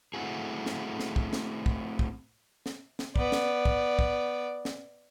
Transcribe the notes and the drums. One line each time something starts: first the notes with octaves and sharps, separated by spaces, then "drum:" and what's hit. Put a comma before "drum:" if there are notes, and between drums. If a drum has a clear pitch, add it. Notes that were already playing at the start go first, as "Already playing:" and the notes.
A3 C4 E4 F#4 G#4
drum: snare
drum: snare
drum: kick
drum: snare
drum: kick
drum: kick
drum: snare
drum: snare
B3 D5, drum: kick
drum: snare
drum: kick
drum: kick
drum: snare